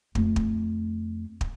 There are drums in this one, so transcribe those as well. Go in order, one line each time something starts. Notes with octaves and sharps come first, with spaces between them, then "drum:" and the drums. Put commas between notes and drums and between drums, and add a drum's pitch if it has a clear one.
F2 A3, drum: kick
drum: kick
drum: kick